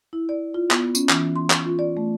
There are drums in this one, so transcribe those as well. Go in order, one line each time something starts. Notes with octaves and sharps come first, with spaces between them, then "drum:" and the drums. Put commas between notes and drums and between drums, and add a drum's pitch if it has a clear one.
E4
D5
F4
B3, drum: clap
C#4, drum: tambourine
E3, drum: clap
C6
C#6, drum: clap
F4
D5
A3